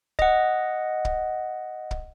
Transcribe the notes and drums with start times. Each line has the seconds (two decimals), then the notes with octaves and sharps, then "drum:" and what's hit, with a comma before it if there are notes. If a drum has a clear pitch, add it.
0.19 D#5 F#5, drum: kick
1.05 drum: kick
1.91 drum: kick